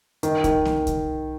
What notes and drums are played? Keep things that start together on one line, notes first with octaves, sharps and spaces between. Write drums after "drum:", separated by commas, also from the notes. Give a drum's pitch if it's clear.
D#3, drum: hi-hat
D#3, drum: kick C2, hi-hat
drum: snare A#3
drum: kick C2, hi-hat